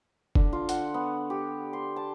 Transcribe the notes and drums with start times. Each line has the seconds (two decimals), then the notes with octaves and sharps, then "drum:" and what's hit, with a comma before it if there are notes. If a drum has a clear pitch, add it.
0.35 D3, drum: kick F#1
0.53 F4
0.69 F#5, drum: hi-hat
0.94 B3
1.30 G4
1.73 C6
1.96 A5